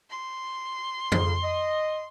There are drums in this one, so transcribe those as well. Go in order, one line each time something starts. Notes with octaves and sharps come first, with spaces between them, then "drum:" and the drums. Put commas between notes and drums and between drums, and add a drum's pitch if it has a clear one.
C6
F2 C#3, drum: tom F2
D#5